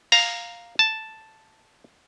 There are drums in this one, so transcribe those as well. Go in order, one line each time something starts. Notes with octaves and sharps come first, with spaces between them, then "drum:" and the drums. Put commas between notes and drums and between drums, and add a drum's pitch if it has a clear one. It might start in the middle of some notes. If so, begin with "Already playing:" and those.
F5 A#5, drum: open hi-hat
A5